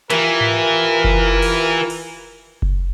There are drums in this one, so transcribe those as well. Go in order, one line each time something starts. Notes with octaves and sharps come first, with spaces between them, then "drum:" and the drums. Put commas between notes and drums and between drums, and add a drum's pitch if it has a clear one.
E3 F4 G4 A#4, drum: hi-hat
drum: tom G#2
drum: kick F#1
drum: cymbal
drum: cymbal
drum: kick F#1